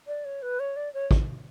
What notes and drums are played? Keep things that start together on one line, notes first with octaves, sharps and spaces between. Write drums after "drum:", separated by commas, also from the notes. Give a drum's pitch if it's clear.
D5
C#5
B4
C#5
D5
C#5
drum: kick